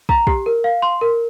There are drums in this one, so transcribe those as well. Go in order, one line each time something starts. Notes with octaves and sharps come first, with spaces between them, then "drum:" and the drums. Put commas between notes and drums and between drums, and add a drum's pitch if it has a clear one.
A#5, drum: kick
G4, drum: kick
A#4
F5
C6
A#4